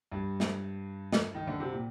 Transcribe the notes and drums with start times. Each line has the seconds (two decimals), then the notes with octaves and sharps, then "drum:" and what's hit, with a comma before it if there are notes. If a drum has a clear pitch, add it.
0.12 G2
0.40 drum: snare
1.13 drum: snare
1.35 D#3
1.47 D3
1.60 C3
1.72 A#2